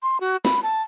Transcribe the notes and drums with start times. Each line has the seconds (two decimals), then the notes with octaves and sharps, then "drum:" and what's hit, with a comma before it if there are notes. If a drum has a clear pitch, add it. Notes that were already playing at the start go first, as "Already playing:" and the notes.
0.03 C6
0.20 F#4
0.45 B5, drum: snare
0.63 A5